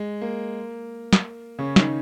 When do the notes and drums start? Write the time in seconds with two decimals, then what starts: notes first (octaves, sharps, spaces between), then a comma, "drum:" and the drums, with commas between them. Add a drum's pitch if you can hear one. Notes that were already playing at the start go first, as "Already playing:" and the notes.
Already playing: G#3
0.21 A#3
1.13 drum: snare
1.59 C#3 C#4
1.76 D#3 D#4, drum: snare